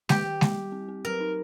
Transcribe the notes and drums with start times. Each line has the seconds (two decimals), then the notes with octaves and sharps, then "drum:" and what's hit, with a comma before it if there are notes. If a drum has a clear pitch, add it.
0.09 D#3 G4, drum: snare G#3
0.25 D#3
0.41 G3, drum: snare G#3
0.56 G3
0.72 C4
0.88 C4
1.05 F#3 A#4
1.21 D#4